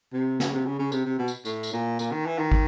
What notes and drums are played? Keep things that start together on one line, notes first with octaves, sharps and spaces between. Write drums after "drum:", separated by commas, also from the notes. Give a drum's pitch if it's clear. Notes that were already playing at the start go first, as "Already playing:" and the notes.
C3
C#3, drum: snare
C3
C#3
C#3
C3, drum: tambourine
C3
B2
drum: tambourine
A2, drum: tambourine
drum: tambourine
A#2
A#2, drum: tambourine
D#3
E3
D#3
drum: kick